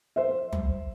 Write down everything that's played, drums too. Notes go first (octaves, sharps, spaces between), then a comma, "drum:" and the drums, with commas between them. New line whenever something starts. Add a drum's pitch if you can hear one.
C5 E5
drum: tom